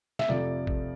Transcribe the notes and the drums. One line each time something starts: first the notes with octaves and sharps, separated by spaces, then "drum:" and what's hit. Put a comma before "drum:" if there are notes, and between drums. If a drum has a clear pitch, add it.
E5, drum: snare
F2 C3 F3 A3 D5
drum: kick